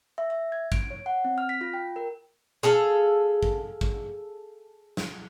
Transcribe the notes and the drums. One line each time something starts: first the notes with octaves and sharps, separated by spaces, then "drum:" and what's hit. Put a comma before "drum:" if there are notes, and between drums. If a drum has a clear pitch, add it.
E5
E5
G#6
D7, drum: kick
C#5
F#5
C4
F6
B6
F4
G5
A#4
G#4 A4 F5
drum: kick
drum: kick
drum: snare